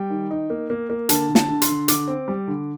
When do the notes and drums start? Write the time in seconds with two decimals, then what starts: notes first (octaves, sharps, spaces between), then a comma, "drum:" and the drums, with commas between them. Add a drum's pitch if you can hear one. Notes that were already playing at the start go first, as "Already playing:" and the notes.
Already playing: G3 G5
0.10 D#3
0.31 D#4
0.50 A#3
0.70 A#3
0.90 A#3
1.09 D3 A5, drum: hi-hat
1.29 D3
1.35 A5, drum: snare
1.49 D3
1.62 C6, drum: hi-hat
1.68 D3
1.88 D3 D6, drum: hi-hat
2.08 C4
2.28 G3
2.47 D3